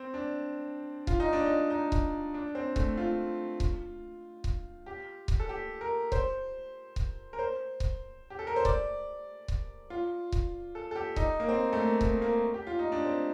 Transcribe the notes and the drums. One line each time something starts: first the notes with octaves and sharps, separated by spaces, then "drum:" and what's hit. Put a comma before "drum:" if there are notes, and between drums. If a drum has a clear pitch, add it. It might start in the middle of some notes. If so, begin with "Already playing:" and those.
Already playing: C4
D4
F4, drum: kick C#1
D#4
D4
D#4
D#4
drum: kick C#1
D4
C4
A3, drum: kick C#1
F4
drum: kick C#1
drum: kick C#1
G4
drum: kick C#1
A4
G4
A#4
C5, drum: kick C#1
drum: kick C#1
A#4
C5
drum: kick C#1
G4
A4
A#4
C5
D5, drum: kick C#1
drum: kick C#1
F4
drum: kick C#1
A4
A4
G4
D#4, drum: kick C#1
A#3
C4
A3
A#3
A#3, drum: kick C#1
A#3
G4
F4
D#4
D4
C4